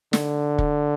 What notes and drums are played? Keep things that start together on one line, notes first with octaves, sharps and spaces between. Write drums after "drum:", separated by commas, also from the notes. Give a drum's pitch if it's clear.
D3, drum: snare
drum: kick